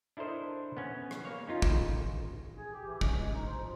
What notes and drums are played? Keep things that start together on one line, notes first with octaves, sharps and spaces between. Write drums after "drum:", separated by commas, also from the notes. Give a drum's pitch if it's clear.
D4 E4 A4 A#4 C5 D#5
B3 C#4
drum: rim click
A#3 C#5
C#4 D#4 F4
drum: kick
G#4
G4
E3
C#4, drum: kick
G#3
D#4
C5
F3